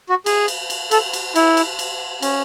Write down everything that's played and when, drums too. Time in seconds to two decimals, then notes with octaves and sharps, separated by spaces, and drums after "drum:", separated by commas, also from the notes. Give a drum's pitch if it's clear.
0.10 F#4
0.26 G#4, drum: cymbal
0.48 drum: cymbal
0.70 drum: cymbal
0.91 A4, drum: cymbal
1.13 drum: cymbal
1.36 E4, drum: cymbal
1.57 drum: cymbal
1.79 drum: cymbal
2.22 C#4, drum: cymbal